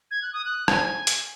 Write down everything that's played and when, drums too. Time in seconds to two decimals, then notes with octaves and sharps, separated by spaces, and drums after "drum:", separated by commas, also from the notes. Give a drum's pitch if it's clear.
0.11 G#6
0.22 F#6
0.33 D#6
0.45 F#6
0.68 G#5, drum: rim click
1.07 drum: hi-hat